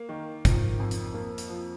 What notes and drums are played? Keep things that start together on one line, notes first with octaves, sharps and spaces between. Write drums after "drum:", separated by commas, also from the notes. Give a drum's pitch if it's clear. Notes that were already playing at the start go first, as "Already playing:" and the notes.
Already playing: A#3
D#3
F3, drum: kick, hi-hat
F2
drum: hi-hat
A#3
drum: hi-hat
F3